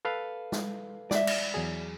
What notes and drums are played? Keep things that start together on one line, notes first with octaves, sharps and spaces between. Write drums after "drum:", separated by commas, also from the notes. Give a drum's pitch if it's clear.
A4 B4 F5
drum: snare
D5 E5, drum: snare
drum: cymbal
E2 F#3 G#4